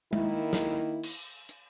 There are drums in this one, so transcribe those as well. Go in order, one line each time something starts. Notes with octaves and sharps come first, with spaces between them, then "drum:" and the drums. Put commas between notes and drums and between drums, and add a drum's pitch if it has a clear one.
D#3 A#3 E4, drum: tom G#3
drum: snare
drum: cymbal
drum: hi-hat